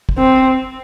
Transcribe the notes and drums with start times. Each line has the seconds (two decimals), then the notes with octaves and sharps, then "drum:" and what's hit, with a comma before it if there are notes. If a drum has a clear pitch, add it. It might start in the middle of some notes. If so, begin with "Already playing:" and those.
0.09 drum: kick
0.18 C4